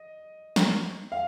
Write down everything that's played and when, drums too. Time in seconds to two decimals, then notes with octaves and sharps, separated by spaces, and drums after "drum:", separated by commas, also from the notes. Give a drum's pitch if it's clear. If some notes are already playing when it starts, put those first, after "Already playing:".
Already playing: D#5
0.56 drum: snare
1.12 F5